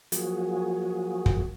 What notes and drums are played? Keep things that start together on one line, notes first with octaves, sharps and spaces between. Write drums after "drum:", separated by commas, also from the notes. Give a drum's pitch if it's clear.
F3 F#3 A#3 F#4 G#4, drum: hi-hat
drum: kick